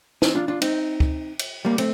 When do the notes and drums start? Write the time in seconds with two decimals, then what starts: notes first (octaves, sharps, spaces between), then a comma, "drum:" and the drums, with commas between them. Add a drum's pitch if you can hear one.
0.22 C4 D#4, drum: snare
0.35 D4 F4
0.48 D4 F4
0.62 C4 D#4, drum: cymbal
1.00 drum: kick
1.39 drum: cymbal
1.65 G3 A#3
1.78 A3 C4, drum: cymbal